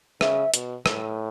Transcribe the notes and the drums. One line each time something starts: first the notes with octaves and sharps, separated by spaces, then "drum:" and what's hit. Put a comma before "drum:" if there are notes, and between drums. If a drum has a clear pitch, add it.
C#3 E5, drum: rim click
B2, drum: hi-hat
A2, drum: rim click